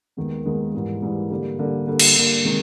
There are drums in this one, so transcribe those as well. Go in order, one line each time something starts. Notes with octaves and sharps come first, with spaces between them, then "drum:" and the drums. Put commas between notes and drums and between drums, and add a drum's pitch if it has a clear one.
D#2 D#3 G#3 B3
D#2 D#3 G#3 B3
G#2 E3 G3
G#2 E3 G3
D3 G3 A#3
D3 G3 A#3
D3 G3 A#3
drum: cymbal
D3 G3 A#3
C3 D#3 G#3